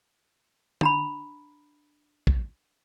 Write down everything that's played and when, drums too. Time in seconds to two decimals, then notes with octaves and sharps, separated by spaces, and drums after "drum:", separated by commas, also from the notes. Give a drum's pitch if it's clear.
0.81 D4 A#5 B5, drum: tom
2.27 drum: kick